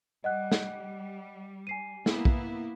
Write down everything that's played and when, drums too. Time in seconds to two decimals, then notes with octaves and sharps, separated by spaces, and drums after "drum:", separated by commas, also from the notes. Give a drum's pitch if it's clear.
0.24 G3 D#5 F#5 F#6
0.51 drum: snare
1.67 G#5 C7 D#7
2.06 A#3 B3 E4, drum: snare
2.25 drum: kick